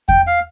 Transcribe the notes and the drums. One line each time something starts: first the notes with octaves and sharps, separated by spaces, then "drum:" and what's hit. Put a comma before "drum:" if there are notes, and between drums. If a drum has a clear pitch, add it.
G5, drum: kick E2
F5